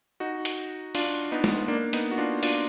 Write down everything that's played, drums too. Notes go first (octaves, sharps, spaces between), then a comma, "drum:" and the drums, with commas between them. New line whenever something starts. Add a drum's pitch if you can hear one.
D#4 F#4
drum: hi-hat
D4 F4, drum: open hi-hat
B3 D#4
drum: snare
A#3 D4
B3 D#4, drum: hi-hat
F#4
D4 F4
D4 F4, drum: open hi-hat